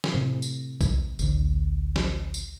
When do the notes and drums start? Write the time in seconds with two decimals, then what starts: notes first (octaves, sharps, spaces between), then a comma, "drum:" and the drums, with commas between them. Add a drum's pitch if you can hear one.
0.04 drum: snare
0.14 A2 C3
0.42 drum: tambourine
0.81 drum: kick, tambourine
1.19 A1 D2, drum: tambourine
1.96 drum: snare
2.34 drum: tambourine